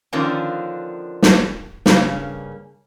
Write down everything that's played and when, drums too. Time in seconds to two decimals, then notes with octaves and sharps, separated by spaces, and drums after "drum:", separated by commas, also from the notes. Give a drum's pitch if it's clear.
0.13 D3 D#3 F3 A#3 C#4 D4
1.22 drum: snare
1.86 G2 C#3 A#3 C#4, drum: snare